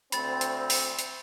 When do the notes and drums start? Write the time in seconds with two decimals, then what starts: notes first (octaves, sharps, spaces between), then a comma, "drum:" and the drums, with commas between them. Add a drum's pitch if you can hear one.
0.12 D2 C4 B5 A6, drum: hi-hat
0.41 drum: hi-hat
0.70 drum: open hi-hat
0.99 drum: hi-hat